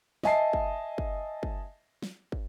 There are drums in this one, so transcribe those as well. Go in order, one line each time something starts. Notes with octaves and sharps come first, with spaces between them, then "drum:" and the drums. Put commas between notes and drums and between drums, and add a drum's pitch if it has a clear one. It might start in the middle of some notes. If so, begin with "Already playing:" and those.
D#5 E5 G#5 A5 C7, drum: snare
drum: kick
drum: kick
drum: kick
drum: snare
drum: kick